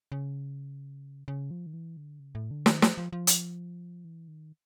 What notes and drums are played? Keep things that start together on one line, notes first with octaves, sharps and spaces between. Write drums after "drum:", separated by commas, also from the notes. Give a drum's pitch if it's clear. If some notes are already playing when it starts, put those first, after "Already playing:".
C#3
C#3
F3
D#3
E3
D3
C#3
A2
D3
D#3, drum: snare
F3, drum: snare
F3
F3
drum: hi-hat
E3
D#3